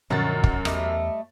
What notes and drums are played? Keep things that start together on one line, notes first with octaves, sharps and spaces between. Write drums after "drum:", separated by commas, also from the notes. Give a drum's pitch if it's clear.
F#2 A#2 D3 D#3 F3 C#5 F#5 A6
drum: kick
E2 G3 A3 D#5, drum: rim click